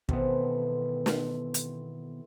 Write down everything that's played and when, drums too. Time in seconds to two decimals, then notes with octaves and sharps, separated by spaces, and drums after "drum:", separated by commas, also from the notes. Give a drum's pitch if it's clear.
0.09 B2 D#3 E3 B3 C4 A4, drum: kick
1.06 drum: snare
1.54 drum: hi-hat